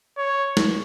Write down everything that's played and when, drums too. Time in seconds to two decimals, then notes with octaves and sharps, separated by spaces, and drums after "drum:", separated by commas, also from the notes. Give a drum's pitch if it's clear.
0.17 C#5
0.57 drum: snare